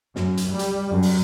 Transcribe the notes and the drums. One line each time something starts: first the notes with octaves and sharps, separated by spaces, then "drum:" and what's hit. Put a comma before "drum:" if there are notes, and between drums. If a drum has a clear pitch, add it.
F#2, drum: snare
drum: hi-hat
G3
drum: hi-hat
F#2
drum: open hi-hat